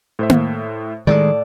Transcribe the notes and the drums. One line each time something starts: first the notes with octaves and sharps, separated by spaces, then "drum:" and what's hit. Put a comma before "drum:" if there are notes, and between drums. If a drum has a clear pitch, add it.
A2 C5 E5
drum: tom A#3
A2 D#3 F#3 G#3 A4 D5